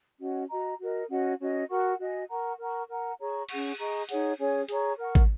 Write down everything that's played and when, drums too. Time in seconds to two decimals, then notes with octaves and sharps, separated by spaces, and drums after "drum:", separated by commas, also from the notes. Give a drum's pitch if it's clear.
0.20 C#4 F#4 D#5 F#5
0.49 F#4 D#5 A#5
0.79 F#4 A#4 D#5
1.09 C#4 F#4 D#5 F#5
1.39 C#4 F#4 D#5
1.69 F#4 A#4 F#5 C#6
1.99 F#4 D#5 G#5
2.30 A#4 F#5 A#5 C#6
2.59 A#4 F#5 A#5 C#6
2.89 A#4 F#5 A#5
3.19 G#4 C#5 A#5 C#6
3.49 C#4 G#4 F#5 C#6, drum: cymbal
3.79 G#4 D#5 A#5 C#6
4.09 D#4 G#4 C#5 F#5, drum: hi-hat
4.39 C#4 G#4 C#5 G#5
4.69 G#4 C#5 A#5 C#6, drum: hi-hat
4.98 A#4 F#5 C#6
5.15 drum: kick